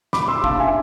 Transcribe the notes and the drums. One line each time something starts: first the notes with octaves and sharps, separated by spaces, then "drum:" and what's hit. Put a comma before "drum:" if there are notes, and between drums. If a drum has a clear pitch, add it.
B5 D6, drum: snare
C6 E6
F5 A5, drum: kick
E5 G#5